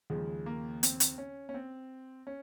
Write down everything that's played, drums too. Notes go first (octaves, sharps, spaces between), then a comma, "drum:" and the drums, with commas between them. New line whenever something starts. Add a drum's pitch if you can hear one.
D#2 C#3 F3 G#3
A#3
C4, drum: hi-hat
drum: hi-hat
C#4
C#4
C4
C#4